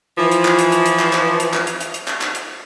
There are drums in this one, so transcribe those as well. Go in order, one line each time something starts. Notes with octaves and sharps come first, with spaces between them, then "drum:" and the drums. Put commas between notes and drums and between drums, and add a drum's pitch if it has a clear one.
E3 F3
drum: hi-hat
drum: clap
drum: hi-hat
drum: hi-hat
drum: hi-hat
drum: clap
drum: clap
drum: hi-hat
drum: clap
drum: hi-hat
drum: hi-hat
drum: hi-hat
drum: clap
drum: clap
drum: hi-hat